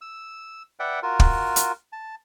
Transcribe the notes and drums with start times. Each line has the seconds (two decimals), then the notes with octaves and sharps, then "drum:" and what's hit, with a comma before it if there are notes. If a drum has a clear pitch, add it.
0.01 E6
0.80 B4 D5 E5 F#5 G5
1.03 F4 F#4 A#4
1.20 drum: kick
1.56 drum: hi-hat
1.92 A5